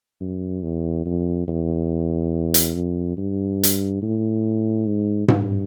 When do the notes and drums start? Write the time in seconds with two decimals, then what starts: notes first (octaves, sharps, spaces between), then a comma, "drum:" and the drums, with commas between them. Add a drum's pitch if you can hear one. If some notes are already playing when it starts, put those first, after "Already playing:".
0.20 F#2
0.64 E2
1.06 F2
1.48 E2
2.54 drum: hi-hat
2.74 F2
3.17 G2
3.63 drum: hi-hat
4.02 A2
4.87 G#2
5.28 G2, drum: tom G#2